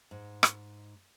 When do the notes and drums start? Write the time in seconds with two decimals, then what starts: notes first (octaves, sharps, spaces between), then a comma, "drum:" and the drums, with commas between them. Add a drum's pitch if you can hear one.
0.11 G#2
0.43 drum: rim click